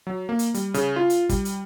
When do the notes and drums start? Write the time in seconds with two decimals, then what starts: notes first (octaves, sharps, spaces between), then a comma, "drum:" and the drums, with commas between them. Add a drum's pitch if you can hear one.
0.07 F#3
0.29 A#3
0.39 drum: hi-hat
0.54 G3, drum: hi-hat
0.74 C#3, drum: hi-hat
0.96 F4
1.10 drum: hi-hat
1.29 G3, drum: kick, hi-hat
1.45 drum: hi-hat